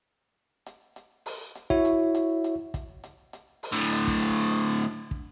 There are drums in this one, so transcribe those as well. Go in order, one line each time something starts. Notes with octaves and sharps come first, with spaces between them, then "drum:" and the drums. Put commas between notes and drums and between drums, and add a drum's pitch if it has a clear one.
drum: hi-hat
drum: hi-hat
drum: open hi-hat
drum: hi-hat
E4 F#4 C#5 E5, drum: kick
drum: hi-hat
drum: hi-hat
drum: hi-hat
drum: kick, hi-hat
drum: hi-hat
drum: hi-hat
drum: open hi-hat
A2 D3
drum: hi-hat
drum: kick
drum: hi-hat
drum: hi-hat
drum: hi-hat
drum: kick